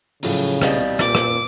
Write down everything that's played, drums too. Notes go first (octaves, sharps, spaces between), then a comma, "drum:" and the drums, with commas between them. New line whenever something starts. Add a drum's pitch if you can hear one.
A2 C#3 F3 F#3, drum: open hi-hat
C2 B2 G3 D#5 F5, drum: rim click
A#2 D6 A6, drum: rim click
drum: rim click